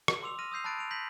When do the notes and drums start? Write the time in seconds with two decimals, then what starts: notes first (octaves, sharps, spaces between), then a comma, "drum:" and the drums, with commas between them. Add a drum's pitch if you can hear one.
0.08 drum: rim click
0.22 C6 D6 E6 F7
0.39 C6 F6 A#6 D#7
0.52 D#6 E6 G6 C7 F7
0.64 A5 B5 F#6 A6 D7
0.79 D7 F7
0.91 G6 A#6 B6 F#7